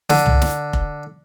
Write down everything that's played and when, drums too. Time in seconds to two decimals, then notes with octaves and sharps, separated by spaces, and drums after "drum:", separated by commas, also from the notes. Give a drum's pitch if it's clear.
0.10 D3, drum: snare
0.26 drum: tom C2
0.42 drum: snare
0.73 drum: kick F1